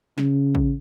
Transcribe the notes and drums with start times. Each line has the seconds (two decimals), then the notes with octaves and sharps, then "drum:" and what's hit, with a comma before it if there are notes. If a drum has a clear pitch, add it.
0.18 C#3, drum: snare
0.55 drum: kick